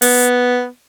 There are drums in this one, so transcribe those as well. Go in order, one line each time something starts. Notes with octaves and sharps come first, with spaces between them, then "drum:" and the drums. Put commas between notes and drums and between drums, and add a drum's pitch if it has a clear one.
B3, drum: open hi-hat